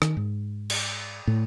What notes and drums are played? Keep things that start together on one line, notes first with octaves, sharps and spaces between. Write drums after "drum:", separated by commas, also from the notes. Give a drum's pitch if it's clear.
D#3, drum: rim click
G#2
drum: cymbal
A2